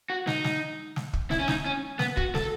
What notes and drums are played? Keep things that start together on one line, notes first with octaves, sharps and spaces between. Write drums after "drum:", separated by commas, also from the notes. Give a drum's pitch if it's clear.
F#4
D#4, drum: snare
drum: snare
drum: snare
drum: kick
E4, drum: snare
C#4
D#4, drum: snare
C#4
B3, drum: snare
F#4, drum: kick
A4, drum: snare